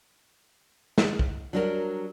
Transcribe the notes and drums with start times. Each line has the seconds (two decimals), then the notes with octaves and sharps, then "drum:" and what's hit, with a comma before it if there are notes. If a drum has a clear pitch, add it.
0.98 drum: snare
1.19 drum: kick
1.53 F#3 G3 D4 F#4 G4 A#4